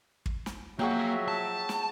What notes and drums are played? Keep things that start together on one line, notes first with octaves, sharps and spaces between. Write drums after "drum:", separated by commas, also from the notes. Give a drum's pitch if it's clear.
drum: kick
drum: snare
F3 F#3 A#3 F#4 G#4 E5 G5
A5
drum: snare